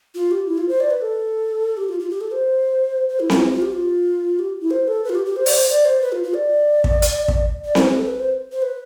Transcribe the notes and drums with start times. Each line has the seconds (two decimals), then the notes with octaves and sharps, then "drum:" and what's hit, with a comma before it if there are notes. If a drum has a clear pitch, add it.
0.15 F4
0.31 G4
0.47 E4
0.58 F4
0.69 C5
0.80 D5
0.91 B4
1.02 A4
1.77 G4
1.89 F4
2.00 F4
2.10 G4
2.21 A4
2.32 C5
3.09 C5
3.20 E4
3.30 F4, drum: snare C4
3.40 E4
3.51 F4
3.62 G4
3.73 F4
4.39 G4
4.61 E4
4.71 C5
4.88 A4
5.04 B4
5.09 F4
5.15 G4
5.26 G4
5.36 C5
5.46 D5, drum: open hi-hat
5.53 C5
5.69 D5
5.85 C5
6.02 B4
6.12 F4
6.23 F4
6.35 D5
6.84 drum: kick
7.02 drum: hi-hat
7.28 drum: kick
7.65 D5
7.75 C5, drum: snare C4
7.86 B4
7.97 A4
8.08 B4
8.20 C5
8.52 C5
8.62 B4